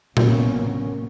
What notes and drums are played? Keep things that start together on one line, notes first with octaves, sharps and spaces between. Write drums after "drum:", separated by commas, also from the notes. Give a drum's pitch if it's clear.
A1 D3 F#3 A#3 B3 C#4, drum: tom A#2